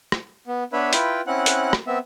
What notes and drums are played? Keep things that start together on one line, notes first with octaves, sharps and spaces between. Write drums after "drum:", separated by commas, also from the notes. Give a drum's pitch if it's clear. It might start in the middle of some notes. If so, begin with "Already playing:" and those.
drum: rim click
B3
B3 D4 B4 C#5 E5 B5
E4 F4 B4 G5, drum: hi-hat
C4 C#4 E4 F#5 F#6
drum: hi-hat
drum: rim click
B3 C4 E5